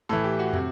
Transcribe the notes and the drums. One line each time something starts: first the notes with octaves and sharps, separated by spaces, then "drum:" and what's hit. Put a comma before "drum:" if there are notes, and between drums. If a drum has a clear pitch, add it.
A2 E3 A4
G4
F#4
C3, drum: tom